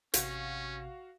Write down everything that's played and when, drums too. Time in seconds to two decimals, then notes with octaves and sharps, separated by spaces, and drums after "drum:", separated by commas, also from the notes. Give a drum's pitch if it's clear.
0.14 A1 C3 C#4 F#4 F5, drum: hi-hat